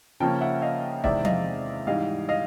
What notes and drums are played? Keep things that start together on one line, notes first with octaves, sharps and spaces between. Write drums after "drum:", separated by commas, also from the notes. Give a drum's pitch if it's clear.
C#3 F3 A#3 C#4 G5 A5
E5 F#5
D#5 F5
E2 C3 D#3 G#3 C4 D5 E5, drum: kick
D#5 F5, drum: tom F3
G#2 E3 G3 D#5 F5
D#5 F5